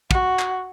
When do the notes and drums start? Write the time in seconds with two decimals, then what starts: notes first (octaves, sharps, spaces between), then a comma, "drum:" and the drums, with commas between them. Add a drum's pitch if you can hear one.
0.11 F#4, drum: kick
0.39 drum: clap